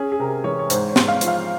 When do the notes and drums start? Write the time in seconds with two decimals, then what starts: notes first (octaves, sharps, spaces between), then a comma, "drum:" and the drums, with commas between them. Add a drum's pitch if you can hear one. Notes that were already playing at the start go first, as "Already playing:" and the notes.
Already playing: C#4 G#4
0.12 G#4
0.20 C3 A#4
0.44 E3 C#5
0.59 C#5
0.70 G#2 C5, drum: hi-hat
0.89 C#5
0.96 G#2, drum: snare
1.08 F5
1.21 F3, drum: hi-hat
1.28 F5